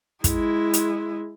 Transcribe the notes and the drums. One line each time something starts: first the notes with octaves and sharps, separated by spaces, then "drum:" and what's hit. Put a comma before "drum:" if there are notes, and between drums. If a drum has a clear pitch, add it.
G#3 E4, drum: kick, hi-hat
drum: hi-hat